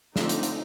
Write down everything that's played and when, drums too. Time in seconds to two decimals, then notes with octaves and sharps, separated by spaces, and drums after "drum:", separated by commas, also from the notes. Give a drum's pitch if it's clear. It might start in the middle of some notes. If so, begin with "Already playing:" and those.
0.16 D3 F3 A3 C4 D#4, drum: snare
0.29 drum: hi-hat
0.43 drum: hi-hat